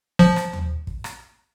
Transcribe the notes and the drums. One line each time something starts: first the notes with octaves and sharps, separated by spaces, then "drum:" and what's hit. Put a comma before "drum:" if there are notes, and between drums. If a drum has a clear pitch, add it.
F3, drum: kick
drum: rim click
drum: tom D#2
drum: kick
drum: rim click